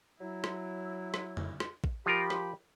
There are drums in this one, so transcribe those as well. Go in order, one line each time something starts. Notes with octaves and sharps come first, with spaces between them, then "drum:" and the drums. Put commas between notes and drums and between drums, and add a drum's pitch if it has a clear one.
F#3 E4
drum: rim click
drum: rim click
drum: tom
drum: rim click
drum: kick A1
F3 F4 G4 A#4 B5
drum: rim click